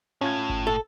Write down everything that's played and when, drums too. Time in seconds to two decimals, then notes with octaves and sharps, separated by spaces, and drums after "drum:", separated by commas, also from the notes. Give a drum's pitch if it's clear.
0.21 A2 C#4 F4 G#6
0.50 drum: kick G1
0.67 A4